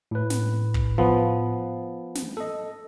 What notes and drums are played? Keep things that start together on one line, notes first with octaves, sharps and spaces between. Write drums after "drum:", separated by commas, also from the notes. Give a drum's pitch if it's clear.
A2 B4
drum: snare
drum: kick
F3 B3
drum: snare
A4 D#5